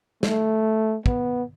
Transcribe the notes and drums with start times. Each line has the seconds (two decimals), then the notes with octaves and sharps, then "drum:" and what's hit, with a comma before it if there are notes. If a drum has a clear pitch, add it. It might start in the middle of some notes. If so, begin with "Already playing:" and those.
0.23 A3, drum: snare
1.06 B3, drum: kick